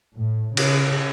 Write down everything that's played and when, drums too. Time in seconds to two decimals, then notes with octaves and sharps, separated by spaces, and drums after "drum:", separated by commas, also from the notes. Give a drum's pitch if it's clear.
0.16 A2
0.57 C#3, drum: cymbal